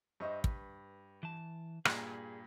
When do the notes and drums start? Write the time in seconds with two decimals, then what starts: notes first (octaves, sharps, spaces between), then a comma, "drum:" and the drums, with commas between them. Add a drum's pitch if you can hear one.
0.20 G2 C5 D#5 E5 C#6
0.44 B4, drum: kick
1.23 E3 A5
1.85 G2 A#2 G#4, drum: rim click